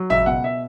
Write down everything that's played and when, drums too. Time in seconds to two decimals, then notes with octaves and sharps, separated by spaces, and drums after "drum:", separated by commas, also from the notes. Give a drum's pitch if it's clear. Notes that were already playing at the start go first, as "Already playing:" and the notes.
Already playing: F#3
0.10 C#2 E5, drum: tom G#1
0.26 B2 F#5
0.44 E5